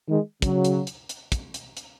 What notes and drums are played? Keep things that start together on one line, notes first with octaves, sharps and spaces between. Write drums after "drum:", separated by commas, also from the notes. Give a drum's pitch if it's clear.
D#3 G#3
C#3 F#3, drum: kick, hi-hat
drum: hi-hat
drum: hi-hat
drum: hi-hat
drum: kick, hi-hat
drum: hi-hat
drum: hi-hat